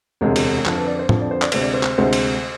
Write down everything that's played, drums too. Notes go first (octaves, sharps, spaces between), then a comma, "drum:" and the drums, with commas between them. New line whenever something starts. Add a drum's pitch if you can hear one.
E1 D2 C3 G#3
drum: cymbal
F2 D3 F3 A5, drum: clap
B4
D5
C5
F2 D3 F3 C5, drum: tom
D5
C5
D5, drum: clap
D2 C3 G#3 C5, drum: cymbal
D5
C5
drum: clap
D2 C3 G#3 C5
drum: cymbal